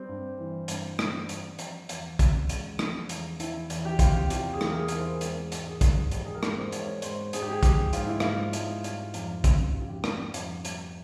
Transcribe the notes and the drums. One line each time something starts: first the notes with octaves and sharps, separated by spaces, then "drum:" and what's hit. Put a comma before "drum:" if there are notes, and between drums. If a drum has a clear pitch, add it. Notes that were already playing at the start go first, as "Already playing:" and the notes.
Already playing: G3 C4
G2
E3
G2, drum: hi-hat
G3, drum: rim click
G2, drum: hi-hat
F3, drum: hi-hat
E2, drum: hi-hat
C#3, drum: kick, hi-hat
G#3, drum: hi-hat
F3, drum: rim click
E2, drum: hi-hat
E3 E4, drum: hi-hat
E2, drum: hi-hat
G4
C3 F4, drum: kick, hi-hat
G4
E2 G4, drum: hi-hat
G#4
E3, drum: rim click
A#4
G#4
E2 A#4, drum: hi-hat
C5
G#3 A#4, drum: hi-hat
G#2, drum: hi-hat
G#4
F3, drum: kick, hi-hat
G#2 G4, drum: hi-hat
G#4
A#4
G#3, drum: rim click
C5
G#2, drum: hi-hat
C#5
G#3 C5, drum: hi-hat
G#2 G#4, drum: hi-hat
G4
G#4
F3 G4, drum: kick, hi-hat
G#2 F4, drum: hi-hat
E4
G#3 F4, drum: rim click
G#2, drum: hi-hat
G3, drum: hi-hat
F2, drum: hi-hat
C#3, drum: kick, hi-hat
F2 G4
F4
G4
G3, drum: rim click
F2, drum: hi-hat
G3, drum: hi-hat